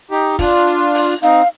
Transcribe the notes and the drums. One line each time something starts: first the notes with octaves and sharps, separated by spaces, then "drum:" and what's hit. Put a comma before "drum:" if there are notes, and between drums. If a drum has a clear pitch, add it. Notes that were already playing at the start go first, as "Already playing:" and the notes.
D#4 G4
D4 F4, drum: kick, open hi-hat
drum: hi-hat
drum: open hi-hat
C4 D#4 F5, drum: hi-hat